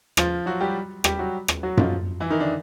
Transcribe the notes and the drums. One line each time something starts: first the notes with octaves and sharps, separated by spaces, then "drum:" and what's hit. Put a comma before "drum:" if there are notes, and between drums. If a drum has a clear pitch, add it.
F3 F4, drum: rim click
F#3 F#4
G3 G4
G3 G4, drum: rim click
F#3 F#4
drum: rim click
F#3 F#4
F3 F4, drum: tom F#2
E3 E4
D#3 D#4
D3 D4